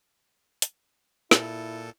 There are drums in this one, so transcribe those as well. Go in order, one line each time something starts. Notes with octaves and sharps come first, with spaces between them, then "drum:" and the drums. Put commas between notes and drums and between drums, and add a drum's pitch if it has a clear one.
drum: hi-hat
A#2 E4 A4, drum: snare